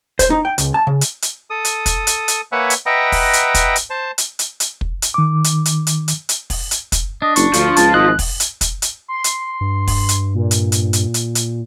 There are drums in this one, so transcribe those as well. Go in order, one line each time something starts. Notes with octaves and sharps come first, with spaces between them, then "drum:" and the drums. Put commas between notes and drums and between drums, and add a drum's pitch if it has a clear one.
C5, drum: kick, hi-hat
D#4
G5
C#2, drum: hi-hat
A5
C#3
drum: hi-hat
drum: hi-hat
A4 D#6
drum: hi-hat
drum: kick, hi-hat
drum: hi-hat
drum: hi-hat
A#3 B4 C#5 E5 F#5 G#5
drum: hi-hat
B4 D#5 E5 F#5 G5 A#5
drum: kick, open hi-hat
drum: hi-hat
drum: kick, hi-hat
drum: hi-hat
C5 A5
drum: hi-hat
drum: hi-hat
drum: hi-hat
drum: kick
drum: hi-hat
D#3 D6
drum: hi-hat
drum: hi-hat
drum: hi-hat
drum: hi-hat
drum: hi-hat
drum: kick, open hi-hat
drum: hi-hat
drum: kick, hi-hat
D4 D#5
F#1 C#6, drum: hi-hat
D2 F3, drum: hi-hat
C#2 A5, drum: hi-hat
G#1 D#5 F#6
drum: kick, open hi-hat
drum: hi-hat
drum: kick, hi-hat
drum: hi-hat
C6
drum: hi-hat
G2
drum: kick, open hi-hat
drum: hi-hat
A#2
drum: hi-hat
drum: hi-hat
drum: hi-hat
drum: hi-hat
drum: hi-hat